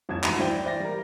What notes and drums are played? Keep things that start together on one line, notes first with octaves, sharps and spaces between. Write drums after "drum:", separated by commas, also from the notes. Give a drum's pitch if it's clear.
C2 F2 C#4 G#6 E7
D2 G#2 E3 A#6 D#7, drum: clap
G2 E3 C5 D5 G5 G7
C5 D5 A#6
G3 A#4